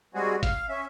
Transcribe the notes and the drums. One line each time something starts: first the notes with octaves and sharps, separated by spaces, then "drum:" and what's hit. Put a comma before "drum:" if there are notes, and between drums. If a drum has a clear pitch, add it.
G3 G#3 C4 F#4 G#4
F5, drum: kick G1, hi-hat
C#4 E5